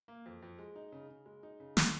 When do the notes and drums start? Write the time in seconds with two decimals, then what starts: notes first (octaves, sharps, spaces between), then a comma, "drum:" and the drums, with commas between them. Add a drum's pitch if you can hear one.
0.08 A#3
0.26 F2
0.42 F2
0.59 G#3
0.76 D#4
0.92 C#3
1.08 C#3
1.26 G#3
1.43 D#4
1.60 C#3
1.77 C#3, drum: snare